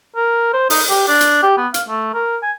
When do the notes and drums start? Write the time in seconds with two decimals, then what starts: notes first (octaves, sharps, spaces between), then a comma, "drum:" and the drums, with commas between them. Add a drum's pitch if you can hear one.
0.16 A#4
0.53 C5
0.70 D#4, drum: open hi-hat
0.89 G4
1.08 D4
1.21 drum: hi-hat
1.43 G4
1.57 B3
1.74 F5, drum: hi-hat
1.88 A3
2.14 A#4
2.43 G#5